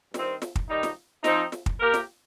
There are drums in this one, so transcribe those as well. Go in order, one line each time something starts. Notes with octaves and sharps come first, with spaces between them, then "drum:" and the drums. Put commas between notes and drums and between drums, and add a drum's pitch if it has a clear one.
G2 D#3 C4, drum: snare
drum: snare
drum: kick
D#3 G3 D#4
drum: snare
F3 C4 D#4, drum: snare
drum: snare
drum: kick
A#3 G4 A#4
drum: snare